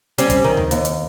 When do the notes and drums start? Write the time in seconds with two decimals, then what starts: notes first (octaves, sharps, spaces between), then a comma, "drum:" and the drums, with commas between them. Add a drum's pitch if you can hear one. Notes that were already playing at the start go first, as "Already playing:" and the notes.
0.18 G3 C4 C#4, drum: hi-hat
0.30 drum: kick, hi-hat
0.44 D#3
0.57 drum: tom D2
0.71 D#2, drum: hi-hat
0.85 drum: hi-hat